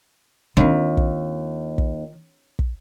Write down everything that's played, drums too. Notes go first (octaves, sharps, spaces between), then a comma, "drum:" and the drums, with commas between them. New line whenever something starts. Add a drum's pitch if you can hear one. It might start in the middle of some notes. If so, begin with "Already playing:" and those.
D#2 D#3 C4 D4 F4
drum: kick
drum: kick
drum: kick